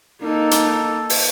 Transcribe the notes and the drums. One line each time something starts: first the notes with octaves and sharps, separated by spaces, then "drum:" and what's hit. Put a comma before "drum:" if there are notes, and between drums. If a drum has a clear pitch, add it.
A#3 D#4 A4
drum: hi-hat
drum: open hi-hat